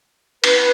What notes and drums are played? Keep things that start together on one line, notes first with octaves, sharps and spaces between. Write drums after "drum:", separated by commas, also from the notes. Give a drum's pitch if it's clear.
B4, drum: cymbal